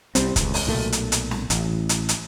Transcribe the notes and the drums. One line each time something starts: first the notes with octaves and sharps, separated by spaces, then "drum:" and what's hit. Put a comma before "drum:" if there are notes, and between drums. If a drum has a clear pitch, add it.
C2 G3 C4, drum: hi-hat
D#1 C#2, drum: kick, hi-hat
drum: open hi-hat
B1 A#2 A3
drum: hi-hat
drum: hi-hat
drum: snare
A1, drum: hi-hat
drum: hi-hat
drum: hi-hat